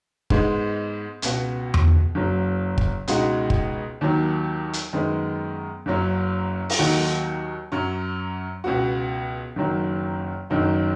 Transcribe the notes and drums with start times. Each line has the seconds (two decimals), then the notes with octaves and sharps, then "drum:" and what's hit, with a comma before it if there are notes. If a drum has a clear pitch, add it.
0.30 G#2 G#3 B3, drum: kick
1.22 C#2 B2 B3 F#4, drum: hi-hat
1.74 drum: tom E2
2.15 F#1 F#2 F#3
2.78 drum: kick
3.08 C#2 B2 G#3 D#4 F#4, drum: hi-hat
3.50 drum: kick
4.01 D#2 D#3 F#3
4.73 drum: hi-hat
4.93 F#2 D#3 G#3 B3
5.86 F#1 F#2 F#3 C#4
6.70 drum: open hi-hat
6.79 D#2 D#3 F#3 D#4 F#4
7.72 F#2 F#3 C#4
8.64 C#2 B2 B3 F#4
9.56 F#1 F#2 D#3 F#3
10.50 F#1 F#2 D#3 F#3 D#4